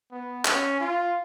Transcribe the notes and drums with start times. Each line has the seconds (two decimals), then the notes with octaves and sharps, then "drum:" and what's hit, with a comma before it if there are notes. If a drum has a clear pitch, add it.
0.12 B3
0.45 C#4, drum: clap
0.80 F4